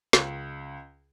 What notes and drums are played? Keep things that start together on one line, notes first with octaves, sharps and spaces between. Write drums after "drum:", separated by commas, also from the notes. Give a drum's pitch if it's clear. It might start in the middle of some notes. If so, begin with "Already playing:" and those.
C#2, drum: snare